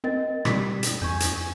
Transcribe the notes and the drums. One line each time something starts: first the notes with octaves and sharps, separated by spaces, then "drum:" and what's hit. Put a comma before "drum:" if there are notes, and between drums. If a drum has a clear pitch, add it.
C4 A#4 D#5 A6
B2 G3 B6, drum: rim click
drum: hi-hat
F2 G#5 C#6 G6
drum: hi-hat